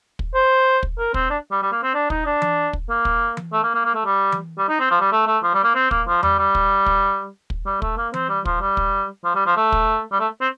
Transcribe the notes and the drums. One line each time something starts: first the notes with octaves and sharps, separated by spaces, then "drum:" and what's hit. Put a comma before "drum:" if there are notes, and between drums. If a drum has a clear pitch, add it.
drum: kick
C5
drum: kick
A#4
C4, drum: kick
D4
G3
G3
A#3
C4
D4
D#4, drum: kick
D4
drum: tom E3
drum: kick
A#3
drum: kick
drum: tom E3
A3
A#3
A#3
A#3
A3
G3
drum: tom E3
G3
D#4
C4
F3
G3
A3
A3
F3
G3
A#3
C4
A#3, drum: kick
F3
G3, drum: tom E2
G3
drum: kick
drum: kick
drum: kick
G3
A3, drum: kick
A#3
C4, drum: tom E3
G3
F3, drum: kick
G3
drum: kick
F3
G3
F3
A3
drum: kick
G3
A3
C4